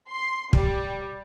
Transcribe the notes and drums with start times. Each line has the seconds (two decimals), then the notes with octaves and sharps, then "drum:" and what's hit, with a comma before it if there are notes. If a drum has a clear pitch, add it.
0.10 C6
0.53 G3, drum: kick